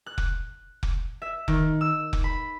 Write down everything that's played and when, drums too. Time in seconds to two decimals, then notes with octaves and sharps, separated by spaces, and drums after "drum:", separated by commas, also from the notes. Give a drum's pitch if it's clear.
0.06 F#6
0.18 drum: kick F1
0.83 drum: kick F1
1.22 E5
1.48 D#3, drum: kick F1
1.81 E6
2.13 drum: kick F1
2.24 B5